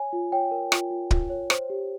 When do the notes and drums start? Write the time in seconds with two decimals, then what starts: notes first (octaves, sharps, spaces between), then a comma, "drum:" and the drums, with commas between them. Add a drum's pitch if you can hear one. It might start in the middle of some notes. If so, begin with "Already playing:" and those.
Already playing: C#5 G#5
0.13 F4
0.32 C#5 G5
0.51 A#4
0.72 F4, drum: rim click
0.91 F4
1.11 F4, drum: kick
1.30 C#5
1.50 C5, drum: rim click
1.70 G4